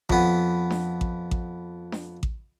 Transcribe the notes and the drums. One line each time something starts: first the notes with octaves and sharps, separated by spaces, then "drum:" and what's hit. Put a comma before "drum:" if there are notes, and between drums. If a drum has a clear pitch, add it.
F2 B3, drum: kick A1
drum: snare D4
drum: kick A1
drum: kick A1
drum: snare D4
drum: kick A1